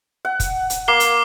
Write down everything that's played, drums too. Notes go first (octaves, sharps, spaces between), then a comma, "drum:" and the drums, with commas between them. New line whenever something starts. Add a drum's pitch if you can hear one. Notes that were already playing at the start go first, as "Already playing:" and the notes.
F#5
drum: kick, hi-hat
drum: hi-hat
A#3 D6 C7 G7
drum: hi-hat